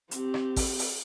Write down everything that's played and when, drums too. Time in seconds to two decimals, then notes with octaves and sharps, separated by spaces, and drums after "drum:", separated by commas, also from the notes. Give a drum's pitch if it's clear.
0.11 C4 G4, drum: hi-hat
0.34 drum: rim click
0.56 drum: kick G#1, open hi-hat
0.79 drum: open hi-hat